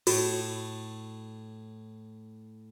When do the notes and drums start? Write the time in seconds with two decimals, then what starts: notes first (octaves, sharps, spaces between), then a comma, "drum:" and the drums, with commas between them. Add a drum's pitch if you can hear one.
0.07 A2 F#4, drum: cymbal